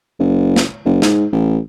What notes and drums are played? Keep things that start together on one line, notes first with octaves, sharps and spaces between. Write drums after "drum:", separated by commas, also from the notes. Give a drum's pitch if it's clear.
F#1
drum: snare
F#1
G#2, drum: snare
A1